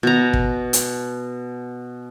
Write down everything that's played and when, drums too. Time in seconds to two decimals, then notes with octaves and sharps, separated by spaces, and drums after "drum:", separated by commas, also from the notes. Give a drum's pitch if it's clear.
0.03 B2 A#5
0.33 drum: kick
0.73 drum: hi-hat